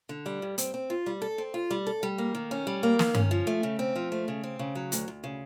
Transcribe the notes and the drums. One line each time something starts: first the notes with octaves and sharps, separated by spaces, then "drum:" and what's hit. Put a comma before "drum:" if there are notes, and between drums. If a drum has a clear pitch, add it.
D3
G3
G2
C4, drum: hi-hat
C4
F4
G3
A4
C4
F4
G3
A4
G3
A#3
D#3
C#4
G3
A#3
D#3, drum: snare
C#4, drum: tom G2
F3
A3
C#3
C4
F3
A3
C#3
C4
C#3
F#3
D2, drum: hi-hat
D2
C#3